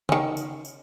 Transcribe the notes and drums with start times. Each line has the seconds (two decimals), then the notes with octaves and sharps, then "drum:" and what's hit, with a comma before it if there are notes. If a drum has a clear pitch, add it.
0.09 D#3 C#4, drum: tom C#3
0.37 drum: tambourine
0.65 drum: tambourine